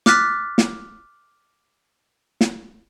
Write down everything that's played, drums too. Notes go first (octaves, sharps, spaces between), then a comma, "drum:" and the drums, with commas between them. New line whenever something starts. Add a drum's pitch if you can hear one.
D6 F6 F#6 A6 B6, drum: snare
drum: snare
drum: snare